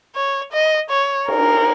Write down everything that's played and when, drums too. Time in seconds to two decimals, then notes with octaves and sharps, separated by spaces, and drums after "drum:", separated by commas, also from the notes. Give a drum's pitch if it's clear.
0.16 C#5
0.53 D#5
0.90 C#5
1.28 A#4, drum: cymbal